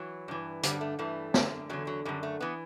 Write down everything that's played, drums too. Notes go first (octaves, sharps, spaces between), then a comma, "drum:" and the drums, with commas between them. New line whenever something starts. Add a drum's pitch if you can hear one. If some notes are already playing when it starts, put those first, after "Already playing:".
Already playing: E3 F#3
G2 E3
G2 D3 G3, drum: hi-hat
A3
G2 E3 A3
F#2 D3, drum: snare
E2 D3 F#3
F#3
F#2 D3 G3
A3
E3 B3